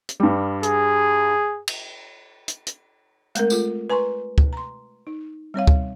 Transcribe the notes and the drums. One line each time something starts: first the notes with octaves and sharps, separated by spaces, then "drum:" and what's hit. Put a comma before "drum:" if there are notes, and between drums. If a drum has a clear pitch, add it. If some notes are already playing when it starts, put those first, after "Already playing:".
drum: hi-hat
G2 G3
G#4, drum: hi-hat
drum: cymbal
drum: hi-hat
drum: hi-hat
G#3 A3 C4 A#4, drum: hi-hat
A3 F4 A4, drum: tambourine
B4 G#5 A#5 C6 C#6
drum: kick
A#5 C6
D#4
G3 C4 C#5 F5
drum: kick